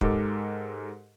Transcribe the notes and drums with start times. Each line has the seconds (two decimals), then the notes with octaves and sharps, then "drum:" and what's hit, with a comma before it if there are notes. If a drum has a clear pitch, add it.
0.01 G#2 G#3 G4 A4 A#4 D6, drum: kick